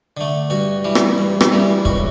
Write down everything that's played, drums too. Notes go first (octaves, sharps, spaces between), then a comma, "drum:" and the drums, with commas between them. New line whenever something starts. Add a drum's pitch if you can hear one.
D3 A3
G2 F#4
E3 G3
drum: rim click
G2
drum: rim click
E3 G3
C#2 F#4, drum: kick